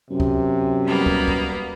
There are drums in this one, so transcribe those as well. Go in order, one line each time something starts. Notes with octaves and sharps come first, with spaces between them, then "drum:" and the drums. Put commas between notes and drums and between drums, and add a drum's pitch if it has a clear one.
F#2 C3
drum: kick
G3 A#3 B3
drum: kick
drum: kick